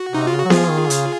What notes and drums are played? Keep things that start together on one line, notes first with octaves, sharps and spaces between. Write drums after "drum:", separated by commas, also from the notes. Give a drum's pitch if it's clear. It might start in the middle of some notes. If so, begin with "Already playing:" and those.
Already playing: F#4
C3 D#4
C#3 F4
F#4
F#3
F3 F4 G#4, drum: snare B3
D#3
C#3, drum: hi-hat